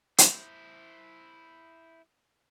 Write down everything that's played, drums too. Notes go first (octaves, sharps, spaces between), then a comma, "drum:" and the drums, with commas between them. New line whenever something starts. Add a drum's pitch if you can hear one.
E4 C5, drum: hi-hat